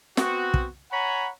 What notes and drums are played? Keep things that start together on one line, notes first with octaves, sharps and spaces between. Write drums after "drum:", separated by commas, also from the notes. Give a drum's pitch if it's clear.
B3 C4 F#4, drum: snare
drum: kick
C#5 F#5 G#5 A#5 B5